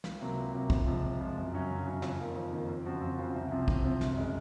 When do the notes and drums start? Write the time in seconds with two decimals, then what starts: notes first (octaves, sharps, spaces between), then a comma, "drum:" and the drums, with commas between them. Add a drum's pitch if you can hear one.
0.04 C#2, drum: snare
0.20 C3 F#3 A#3
0.37 C#2
0.54 C3 F#3 A#3
0.70 F2, drum: kick
0.86 C3 F3 G#3
1.03 F2
1.20 C3 F3 G#3
1.37 F#2
1.53 C#3 F#3 C#4
1.69 F#2
1.86 C#3 F#3 C#4
2.02 F2, drum: snare
2.19 D#3 A#3
2.35 F2
2.52 D#3 A#3
2.69 F2
2.85 C#3 F3 C4 F#4
3.01 F2
3.19 C#3 F3 C4 F#4
3.35 C2
3.51 C3 F3 C4
3.68 C2, drum: kick
3.84 C3 F3 C4
4.01 F#2, drum: snare
4.17 C#3 G#3